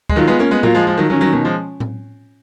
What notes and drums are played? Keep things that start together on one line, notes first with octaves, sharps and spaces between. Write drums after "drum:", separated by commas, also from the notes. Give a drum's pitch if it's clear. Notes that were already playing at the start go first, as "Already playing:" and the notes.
G#3, drum: kick
D#3 F#3 F4
G#3 B3
A#3 C#4
G#3 B3
F#3 A#3 F4, drum: tom A2
F3 G#3
F3 G#3
D#3 F#3
D#3 F#3 C#4
D#3 F#3
B2 D#3
F3 G#3
drum: tom A2